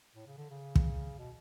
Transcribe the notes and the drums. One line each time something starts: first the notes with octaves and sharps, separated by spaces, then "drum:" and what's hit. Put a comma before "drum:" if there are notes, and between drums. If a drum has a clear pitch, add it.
A2
C#3
D3
C#3
drum: kick
B2